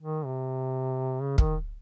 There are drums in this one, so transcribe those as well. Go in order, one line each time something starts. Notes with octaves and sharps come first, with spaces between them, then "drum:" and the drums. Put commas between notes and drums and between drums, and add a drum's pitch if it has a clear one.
D#3
C3
C#3
D#3, drum: kick